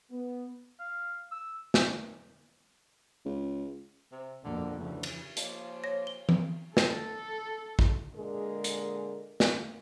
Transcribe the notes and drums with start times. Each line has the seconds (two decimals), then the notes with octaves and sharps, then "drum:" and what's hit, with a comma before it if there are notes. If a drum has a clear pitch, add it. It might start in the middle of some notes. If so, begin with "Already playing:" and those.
0.11 B3
0.79 F5
1.31 E6
1.74 drum: snare
3.25 C#2
4.12 C3
4.44 F2 B2 D3 A#3
4.78 D2 C#3 E3
5.03 drum: cymbal
5.37 C#3 F3 A#3, drum: hi-hat
5.84 C#5 A#6
6.07 G7
6.29 drum: tom E3
6.77 A4, drum: snare
7.79 drum: kick A1
8.15 A#2 D3 G#3 G#4 A#4
8.64 drum: hi-hat
9.40 drum: snare